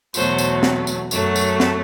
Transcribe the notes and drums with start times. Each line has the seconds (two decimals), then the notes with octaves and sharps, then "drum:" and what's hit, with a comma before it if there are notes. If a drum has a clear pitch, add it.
0.14 E2 B2 F#3 A3 C5, drum: tambourine
0.38 drum: tambourine
0.63 drum: snare
0.87 drum: tambourine
1.11 F#2 F#3 A3, drum: tambourine
1.36 drum: tambourine
1.60 drum: snare